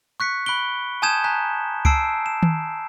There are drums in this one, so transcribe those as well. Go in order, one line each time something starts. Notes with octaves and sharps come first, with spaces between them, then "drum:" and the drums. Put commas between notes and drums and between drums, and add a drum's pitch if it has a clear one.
C#6 F#6 B6 C#7
B5 F#6 D7 G7
G#5 A5 D#6 G6 G#6 E7
G#5 A#5 F#6 B6
A5 E6 C7 D7, drum: kick C#2
E7
drum: tom D#3